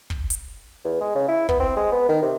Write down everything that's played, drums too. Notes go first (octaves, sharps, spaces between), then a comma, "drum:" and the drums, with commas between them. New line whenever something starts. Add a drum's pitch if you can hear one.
drum: kick
drum: hi-hat
E2
G#3
C#3
E4
B3, drum: kick
C4
G#3
B3
D#3
C3